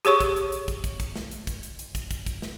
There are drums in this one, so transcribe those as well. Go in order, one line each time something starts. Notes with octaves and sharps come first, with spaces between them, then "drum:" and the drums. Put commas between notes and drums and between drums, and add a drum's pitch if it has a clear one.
G4 G#4 C#5 C#6, drum: hi-hat
drum: kick, hi-hat
drum: hi-hat
drum: hi-hat
drum: kick, hi-hat
drum: kick, hi-hat
drum: kick, hi-hat
drum: snare
drum: hi-hat
drum: kick, hi-hat
drum: hi-hat
drum: hi-hat
drum: kick, hi-hat
drum: kick, hi-hat
drum: kick, hi-hat
drum: snare